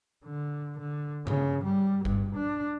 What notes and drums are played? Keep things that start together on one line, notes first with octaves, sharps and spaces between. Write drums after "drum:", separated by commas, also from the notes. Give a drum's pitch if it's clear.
D3
D3
C#3, drum: tom G2
G3
G2, drum: kick G1
D4